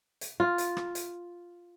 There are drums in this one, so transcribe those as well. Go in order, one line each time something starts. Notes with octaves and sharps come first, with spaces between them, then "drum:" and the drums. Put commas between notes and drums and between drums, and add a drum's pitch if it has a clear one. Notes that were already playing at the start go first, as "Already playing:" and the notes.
drum: hi-hat
F4
drum: hi-hat
drum: rim click
drum: hi-hat